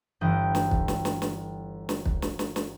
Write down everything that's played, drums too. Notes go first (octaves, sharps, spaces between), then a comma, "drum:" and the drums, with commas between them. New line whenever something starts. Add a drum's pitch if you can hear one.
G1 E3 G5 D#6 G6 D7
drum: snare
drum: kick
drum: snare
drum: snare
drum: snare
drum: snare
drum: kick
drum: snare
drum: snare
drum: snare